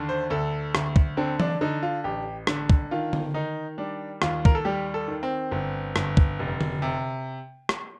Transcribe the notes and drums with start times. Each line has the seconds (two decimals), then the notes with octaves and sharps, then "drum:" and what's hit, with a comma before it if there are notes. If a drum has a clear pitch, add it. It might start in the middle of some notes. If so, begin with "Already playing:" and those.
Already playing: D#2 D3
0.09 C5
0.30 D2 A4
0.75 D2, drum: rim click
0.96 drum: kick
1.17 D3 C4
1.40 D4, drum: tom E3
1.61 D3 D#4
1.83 F4
2.04 A1 G4
2.47 D3, drum: rim click
2.70 drum: kick
2.91 D#3 F4
3.13 drum: tom D3
3.34 D#3 D#4
3.78 G3 D4
4.22 D#2 F4, drum: rim click
4.45 A#4, drum: kick
4.55 A4
4.65 G3 G4
4.94 A4
5.08 D#3
5.23 C4
5.51 G1
5.96 G1, drum: rim click
6.17 drum: kick
6.39 F1
6.61 drum: tom D3
6.82 C3
7.69 drum: rim click